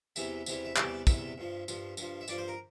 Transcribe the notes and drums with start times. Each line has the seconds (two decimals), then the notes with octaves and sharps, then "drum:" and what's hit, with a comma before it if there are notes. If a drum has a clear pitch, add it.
0.16 E2 C3 E3 G3 E5, drum: tambourine
0.46 E2 C3 E3 G3, drum: tambourine
0.65 E5
0.76 E2 C3 E3 G3 D5, drum: clap
1.07 E2 C3 E3 G3 E5, drum: kick, tambourine
1.38 G2 F3
1.68 G2 F3, drum: tambourine
1.97 G2 F3, drum: tambourine
2.21 E5
2.28 G2 F3 D5, drum: tambourine
2.38 C5
2.48 A#4